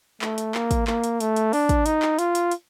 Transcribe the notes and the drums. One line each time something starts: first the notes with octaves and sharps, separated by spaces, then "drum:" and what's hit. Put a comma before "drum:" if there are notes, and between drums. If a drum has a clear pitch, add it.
A3, drum: clap
drum: hi-hat
A#3, drum: clap
drum: kick, hi-hat
A#3, drum: clap
drum: hi-hat
A3, drum: hi-hat
drum: hi-hat
D4, drum: open hi-hat
drum: kick, hi-hat
D#4, drum: hi-hat
drum: clap
F4, drum: hi-hat
drum: hi-hat
drum: hi-hat